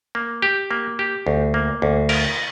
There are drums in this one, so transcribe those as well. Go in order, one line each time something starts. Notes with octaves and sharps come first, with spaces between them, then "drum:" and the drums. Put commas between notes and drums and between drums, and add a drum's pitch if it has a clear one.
A#3
G4
A#3
G4
D2
A#3
D2
A#4, drum: cymbal